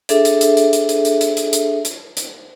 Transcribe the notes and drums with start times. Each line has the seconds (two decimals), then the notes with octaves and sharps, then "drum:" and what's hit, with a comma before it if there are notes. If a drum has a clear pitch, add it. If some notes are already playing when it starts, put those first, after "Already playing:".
0.09 D4 G#4 A4 E5, drum: hi-hat
0.25 drum: hi-hat
0.41 drum: hi-hat
0.57 drum: hi-hat
0.73 drum: hi-hat
0.89 drum: hi-hat
1.05 drum: hi-hat
1.21 drum: hi-hat
1.37 drum: hi-hat
1.53 drum: hi-hat
1.85 drum: hi-hat
2.17 drum: hi-hat